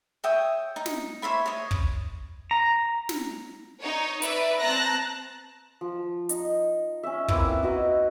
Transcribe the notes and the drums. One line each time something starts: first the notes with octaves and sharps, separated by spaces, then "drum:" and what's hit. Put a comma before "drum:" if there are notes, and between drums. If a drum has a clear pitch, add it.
C#5 E5 G5 D#6
D#4
drum: snare
C5 C#5 E5 B5
C#5 D#5
drum: kick
A#5
drum: snare
D#4 C#5
B4 D5 E5, drum: hi-hat
C4 A5 A#5 F#6 A#6
F3
D#4, drum: hi-hat
C#4 E5
A#3 C4 E4 B4, drum: kick
D#4 F#4 B4 F#5